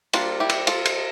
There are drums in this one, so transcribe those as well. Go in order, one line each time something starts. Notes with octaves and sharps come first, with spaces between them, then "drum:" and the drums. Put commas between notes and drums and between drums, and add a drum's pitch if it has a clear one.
G3 A#3 D4 F4, drum: cymbal
E4 G4
drum: cymbal
F4 A4, drum: cymbal
drum: cymbal